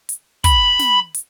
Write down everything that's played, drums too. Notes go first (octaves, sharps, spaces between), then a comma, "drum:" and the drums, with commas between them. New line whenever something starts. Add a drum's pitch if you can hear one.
drum: hi-hat
B5, drum: kick, hi-hat
drum: snare
drum: hi-hat